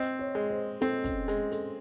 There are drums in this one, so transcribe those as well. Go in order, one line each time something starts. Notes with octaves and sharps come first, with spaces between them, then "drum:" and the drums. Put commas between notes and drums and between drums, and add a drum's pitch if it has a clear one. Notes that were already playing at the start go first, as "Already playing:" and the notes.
Already playing: C4 D#5
C#5
G#3
C5
C4 A4, drum: hi-hat
C#4, drum: kick, hi-hat
G#3, drum: hi-hat
A4, drum: hi-hat